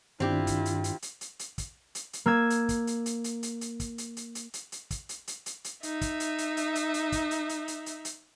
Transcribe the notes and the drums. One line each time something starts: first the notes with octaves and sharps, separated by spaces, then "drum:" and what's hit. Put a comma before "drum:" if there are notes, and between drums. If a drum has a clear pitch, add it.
G2 D#3 C4 D4 E4 F4 G4
drum: kick, hi-hat
drum: hi-hat
drum: hi-hat
drum: hi-hat
drum: hi-hat
drum: hi-hat
drum: kick, hi-hat
drum: hi-hat
drum: hi-hat
A#3 E6 G#6
drum: hi-hat
drum: kick, hi-hat
drum: hi-hat
drum: hi-hat
drum: hi-hat
drum: hi-hat
drum: hi-hat
drum: kick, hi-hat
drum: hi-hat
drum: hi-hat
drum: hi-hat
drum: hi-hat
drum: hi-hat
drum: kick, hi-hat
drum: hi-hat
drum: hi-hat
drum: hi-hat
drum: hi-hat
D#4 E5, drum: hi-hat
drum: kick, hi-hat
drum: hi-hat
drum: hi-hat
drum: hi-hat
drum: hi-hat
drum: hi-hat
drum: kick, hi-hat
drum: hi-hat
drum: hi-hat
drum: hi-hat
drum: hi-hat
drum: hi-hat